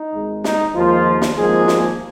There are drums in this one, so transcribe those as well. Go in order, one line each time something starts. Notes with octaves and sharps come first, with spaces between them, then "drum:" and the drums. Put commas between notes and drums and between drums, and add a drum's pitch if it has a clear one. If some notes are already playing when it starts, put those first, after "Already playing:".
Already playing: D#4
G#1 G#2 G#3
D#4, drum: snare
D#2 D#3 F3 G#3 F4
drum: snare
G#1 G#2 F3 G#3 A#3 G#4
drum: snare